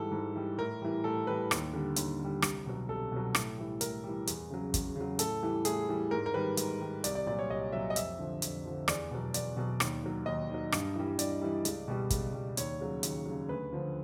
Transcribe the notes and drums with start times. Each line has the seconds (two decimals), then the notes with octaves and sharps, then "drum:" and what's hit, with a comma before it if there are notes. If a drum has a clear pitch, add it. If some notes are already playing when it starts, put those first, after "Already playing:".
Already playing: G#2 E3 G3 A4
0.11 G#2
0.35 E3 G3
0.58 A2 A#4
0.82 E3 G3
1.04 A2 A4
1.27 E3 G3 B4
1.51 D#2, drum: rim click
1.73 D3 G3
1.96 D#2, drum: hi-hat
2.20 D3 G3
2.42 C2, drum: rim click
2.66 B2 F#3
2.89 C2 A4
3.12 B2 F#3
3.35 A2, drum: rim click
3.58 E3 G3
3.81 A2 A#4, drum: hi-hat
4.04 E3 G3
4.27 E2, drum: hi-hat
4.50 C#3 F#3
4.74 E2, drum: kick, hi-hat
4.96 C#3 F#3
5.19 A2 A4, drum: hi-hat
5.43 E3 G3
5.65 A2 G#4, drum: hi-hat
5.89 E3 G3
6.11 G#2 A#4
6.26 A#4
6.34 D#3 G3 B4
6.57 G#2, drum: hi-hat
6.81 D#3 G3
7.04 C2 D5, drum: hi-hat
7.15 D5
7.26 A#2 F#3 D5
7.39 C#5
7.50 C2 D#5
7.72 A#2 F#3 E5
7.90 D#5
7.96 F2 E5, drum: hi-hat
8.19 D3 F3
8.42 F2, drum: hi-hat
8.65 D3 F3
8.88 E2 D5, drum: rim click
9.11 B2 F#3
9.34 E2 D5, drum: hi-hat
9.57 B2 F#3
9.80 D#2, drum: rim click
10.03 D#3 F#3
10.26 D#2 D#5
10.49 D#3 F#3
10.72 G2, drum: rim click
10.96 E3 G3
11.19 G2 D5, drum: hi-hat
11.41 E3 G3
11.65 C#2, drum: hi-hat
11.88 B2 G3
12.10 C#2, drum: kick, hi-hat
12.34 B2 G3
12.57 D#2 C#5, drum: hi-hat
12.80 C#3 F#3
13.03 D#2, drum: hi-hat
13.26 C#3 F#3
13.49 D2 B4
13.72 D3 F3